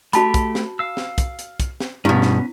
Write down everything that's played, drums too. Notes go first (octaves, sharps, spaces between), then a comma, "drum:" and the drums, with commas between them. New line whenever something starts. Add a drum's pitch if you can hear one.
A3 F#4 G4 A5 B5, drum: hi-hat
drum: kick, hi-hat
drum: snare
F5 E6
drum: snare
drum: kick, hi-hat
drum: hi-hat
drum: kick, hi-hat
drum: snare
G2 B2 B3 C#4 E4
drum: snare